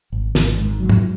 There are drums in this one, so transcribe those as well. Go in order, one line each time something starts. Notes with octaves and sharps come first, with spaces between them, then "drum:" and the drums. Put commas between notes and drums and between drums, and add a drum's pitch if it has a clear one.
G#1
G#1, drum: snare
G#2
G#2 F#3
drum: tom